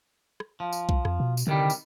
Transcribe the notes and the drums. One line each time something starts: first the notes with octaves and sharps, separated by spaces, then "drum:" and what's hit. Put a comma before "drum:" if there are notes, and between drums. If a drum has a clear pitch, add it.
drum: rim click
F3
drum: tambourine
drum: kick B1
F2, drum: rim click
B2
drum: tambourine
C2 D3 D#3 G3
drum: tambourine